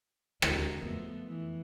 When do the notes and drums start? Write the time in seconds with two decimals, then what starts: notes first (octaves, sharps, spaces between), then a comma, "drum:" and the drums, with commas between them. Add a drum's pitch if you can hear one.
0.42 E2 D3 G#3 F#4 A#4, drum: rim click
0.82 F2 F3 A3 B3
1.27 E3